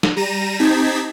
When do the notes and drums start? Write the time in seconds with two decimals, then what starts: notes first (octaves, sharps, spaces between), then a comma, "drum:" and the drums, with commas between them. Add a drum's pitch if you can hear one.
0.03 drum: snare
0.16 G3 A#5 A#6 D#7 E7
0.59 C4 D#4 G4 A5 G#6 B6